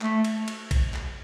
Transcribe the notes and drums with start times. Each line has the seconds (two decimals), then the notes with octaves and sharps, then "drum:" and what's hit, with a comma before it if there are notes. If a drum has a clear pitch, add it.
0.01 A3, drum: clap
0.24 drum: cymbal
0.48 drum: cymbal
0.71 drum: kick B1, cymbal
0.94 drum: clap